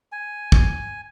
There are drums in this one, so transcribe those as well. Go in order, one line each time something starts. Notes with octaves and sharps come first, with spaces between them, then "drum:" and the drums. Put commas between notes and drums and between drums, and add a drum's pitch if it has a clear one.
G#5
drum: kick